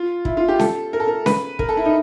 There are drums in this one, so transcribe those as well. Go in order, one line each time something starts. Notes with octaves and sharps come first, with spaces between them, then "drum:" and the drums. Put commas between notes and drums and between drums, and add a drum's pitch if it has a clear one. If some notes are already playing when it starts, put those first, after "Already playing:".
Already playing: F4
E4, drum: kick
F4
G4
A4, drum: snare C#4
A#4
A4
A#4
B4, drum: snare C#4
A#4, drum: kick
A4
E4
D#4